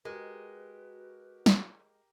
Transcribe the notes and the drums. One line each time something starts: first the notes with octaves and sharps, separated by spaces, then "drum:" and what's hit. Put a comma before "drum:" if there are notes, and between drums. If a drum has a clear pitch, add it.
G#3 F#4 G4 A#4 B4
drum: snare